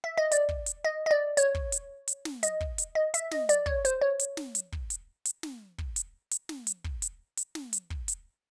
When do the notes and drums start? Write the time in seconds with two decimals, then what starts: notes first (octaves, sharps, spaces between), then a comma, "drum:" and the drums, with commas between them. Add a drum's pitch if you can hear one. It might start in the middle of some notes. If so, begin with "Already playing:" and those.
0.04 E5
0.18 D#5
0.32 D5, drum: hi-hat
0.49 drum: kick
0.66 drum: hi-hat
0.85 D#5
1.06 D#5
1.11 D5
1.37 C#5, drum: hi-hat
1.55 drum: kick
1.72 drum: hi-hat
2.08 drum: hi-hat
2.25 drum: snare
2.43 D#5, drum: hi-hat
2.61 drum: kick
2.78 drum: hi-hat
2.95 D#5
3.14 E5, drum: hi-hat
3.31 D#5, drum: snare
3.49 D5, drum: hi-hat
3.66 C#5, drum: kick
3.85 C5, drum: hi-hat
4.01 C#5
4.19 drum: hi-hat
4.37 drum: snare
4.55 drum: hi-hat
4.72 drum: kick
4.90 drum: hi-hat
5.25 drum: hi-hat
5.43 drum: snare
5.78 drum: kick
5.96 drum: hi-hat
6.31 drum: hi-hat
6.49 drum: snare
6.67 drum: hi-hat
6.84 drum: kick
7.02 drum: hi-hat
7.37 drum: hi-hat
7.55 drum: snare
7.73 drum: hi-hat
7.90 drum: kick
8.08 drum: hi-hat